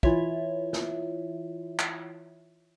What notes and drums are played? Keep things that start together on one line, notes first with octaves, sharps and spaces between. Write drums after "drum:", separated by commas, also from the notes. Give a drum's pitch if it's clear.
E3 E4 F4 C#5 E5, drum: kick
drum: snare
drum: clap